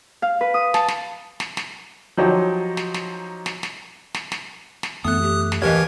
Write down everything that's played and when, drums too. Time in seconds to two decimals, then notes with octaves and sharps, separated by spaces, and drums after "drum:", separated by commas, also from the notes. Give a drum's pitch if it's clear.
0.22 F5
0.41 B4
0.54 D#6
0.74 A5, drum: snare
0.88 drum: snare
1.40 drum: snare
1.57 drum: snare
2.17 F3 F#3 D#4 G4 C#5
2.77 drum: snare
2.94 drum: snare
3.46 drum: snare
3.63 drum: snare
4.14 drum: snare
4.32 drum: snare
4.83 drum: snare
5.05 F#2 E3 A3 B3 D#6 F#6
5.22 G4
5.52 drum: snare
5.62 D#2 E3 G4 A#4 D#5 G#6